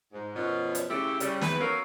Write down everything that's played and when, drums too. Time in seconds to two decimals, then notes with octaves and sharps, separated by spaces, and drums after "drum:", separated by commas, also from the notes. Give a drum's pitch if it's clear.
0.12 G#2
0.35 F#2 B2 F3 B3 C#4
0.75 drum: hi-hat
0.89 C#3 A3 E4 G4
1.20 C#3 G3, drum: hi-hat
1.41 E2 E3 B4, drum: snare
1.59 F#3 C#4 A4 A#4 F5